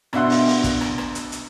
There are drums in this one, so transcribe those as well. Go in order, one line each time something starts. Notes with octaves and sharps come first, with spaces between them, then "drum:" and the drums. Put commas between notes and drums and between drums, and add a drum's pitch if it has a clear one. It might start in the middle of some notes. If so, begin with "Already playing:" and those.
B2 D4 E5 F#5 C6, drum: rim click
drum: open hi-hat
drum: open hi-hat
drum: kick, hi-hat
drum: rim click
drum: rim click
drum: hi-hat
drum: hi-hat